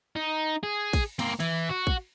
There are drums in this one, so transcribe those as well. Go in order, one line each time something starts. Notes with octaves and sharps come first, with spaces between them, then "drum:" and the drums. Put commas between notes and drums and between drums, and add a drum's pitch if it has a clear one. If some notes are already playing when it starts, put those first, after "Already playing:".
D#4
G#4
drum: kick, cymbal
A#3 C4, drum: cymbal
E3, drum: cymbal
F#4
drum: kick